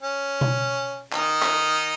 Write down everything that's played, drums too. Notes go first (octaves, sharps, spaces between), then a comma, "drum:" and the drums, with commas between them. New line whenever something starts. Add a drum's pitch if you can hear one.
C#4
drum: tom B2
D#3 D#4, drum: clap
drum: clap